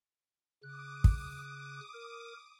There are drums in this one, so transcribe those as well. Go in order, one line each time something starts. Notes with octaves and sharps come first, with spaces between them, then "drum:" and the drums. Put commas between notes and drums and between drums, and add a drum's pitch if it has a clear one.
C#3 D6 D#6 F#6
drum: kick
A#4